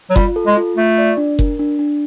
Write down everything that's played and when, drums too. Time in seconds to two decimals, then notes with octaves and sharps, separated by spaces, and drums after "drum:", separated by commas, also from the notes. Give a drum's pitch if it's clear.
0.10 F#3
0.16 G3 F4, drum: kick F#1
0.36 A4
0.47 G#3
0.57 F4
0.77 A3 F4
0.98 D5
1.17 D4
1.39 A#4, drum: kick F#1
1.59 D4
1.79 D4